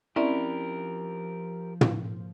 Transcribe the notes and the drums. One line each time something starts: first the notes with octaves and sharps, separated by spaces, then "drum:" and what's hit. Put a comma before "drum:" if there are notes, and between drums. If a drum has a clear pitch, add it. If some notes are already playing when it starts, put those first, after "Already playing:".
F3 C4 C#4 E4 G4 A#4 D5
drum: tom